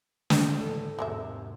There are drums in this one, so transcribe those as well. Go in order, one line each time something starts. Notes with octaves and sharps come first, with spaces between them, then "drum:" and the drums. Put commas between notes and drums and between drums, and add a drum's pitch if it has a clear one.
drum: snare
G#2 E3 A4
E2 G#2 C3 F#3 G#3 A#3 E5